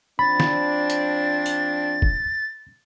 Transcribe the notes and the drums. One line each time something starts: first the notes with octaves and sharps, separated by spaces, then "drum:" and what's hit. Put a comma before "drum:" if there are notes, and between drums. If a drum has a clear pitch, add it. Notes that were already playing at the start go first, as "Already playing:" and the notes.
F3 C4 D4 B5 A6
drum: snare
drum: hi-hat
drum: tambourine
drum: kick